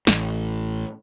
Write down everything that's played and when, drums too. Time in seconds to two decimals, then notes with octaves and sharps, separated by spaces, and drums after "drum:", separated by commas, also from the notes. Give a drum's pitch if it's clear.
0.07 A1 A2, drum: snare